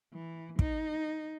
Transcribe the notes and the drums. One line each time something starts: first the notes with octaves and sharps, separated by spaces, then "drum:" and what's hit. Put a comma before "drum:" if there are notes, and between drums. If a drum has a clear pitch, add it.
E3
D#4, drum: kick